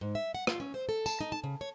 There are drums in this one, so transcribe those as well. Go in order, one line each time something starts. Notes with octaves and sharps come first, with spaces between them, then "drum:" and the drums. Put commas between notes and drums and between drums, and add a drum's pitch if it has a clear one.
G#2
E5
F#5
F4, drum: rim click
C#4
C5
A4
A5, drum: tambourine
D#4
A5
C#3
C#5